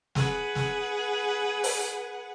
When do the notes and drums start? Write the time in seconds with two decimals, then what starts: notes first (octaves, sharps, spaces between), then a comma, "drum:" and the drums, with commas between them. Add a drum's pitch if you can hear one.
0.15 G#4 B4 F#5, drum: snare
0.55 drum: snare
1.64 drum: open hi-hat